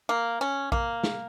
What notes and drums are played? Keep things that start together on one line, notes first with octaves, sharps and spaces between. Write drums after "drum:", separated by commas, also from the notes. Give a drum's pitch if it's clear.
A#3
C#4
A#3, drum: kick A#1
drum: snare